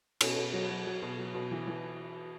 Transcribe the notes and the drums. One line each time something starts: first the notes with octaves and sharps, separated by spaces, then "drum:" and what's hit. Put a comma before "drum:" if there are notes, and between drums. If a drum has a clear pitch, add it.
B2 C#4, drum: cymbal
B2
F#3
F#3
F#3
B2
F#3
B2
E3
E3